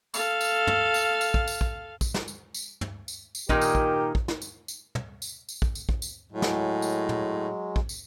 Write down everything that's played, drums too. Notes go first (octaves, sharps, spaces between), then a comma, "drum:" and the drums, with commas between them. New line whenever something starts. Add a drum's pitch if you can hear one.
A4 F5, drum: tambourine
drum: tambourine
drum: tom
drum: tambourine
drum: tambourine
drum: kick
drum: tambourine
drum: kick
drum: kick, tambourine
drum: snare
drum: tambourine
drum: tambourine
drum: tom
drum: tambourine
drum: tambourine
A#2 D#3 D#4 G4 A#4, drum: kick
drum: tambourine
drum: kick
drum: kick
drum: snare
drum: tambourine
drum: tambourine
drum: tom
drum: tambourine
drum: tambourine
drum: kick
drum: tambourine
drum: kick
drum: tambourine
A2 F#3 G#3
drum: snare
drum: tambourine
drum: tom
drum: kick
drum: tambourine